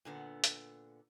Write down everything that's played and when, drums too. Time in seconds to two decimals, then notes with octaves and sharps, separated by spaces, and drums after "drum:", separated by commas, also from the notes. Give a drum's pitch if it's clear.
0.05 A#2 D3 B3
0.44 drum: hi-hat